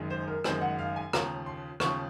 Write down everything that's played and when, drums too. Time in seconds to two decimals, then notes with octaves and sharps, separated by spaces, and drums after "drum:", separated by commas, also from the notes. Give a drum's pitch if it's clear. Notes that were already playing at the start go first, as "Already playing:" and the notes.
Already playing: F#1 F#2 D#3 G#3
0.10 C5
0.28 A#4
0.44 F#1 F#2 D#3 G#3 C5, drum: rim click
0.61 F#5
0.79 F5
0.96 G#5
1.13 D#2 C#3 F3 A#5, drum: rim click
1.46 C6
1.80 D#2 C#3 F3 C#6, drum: rim click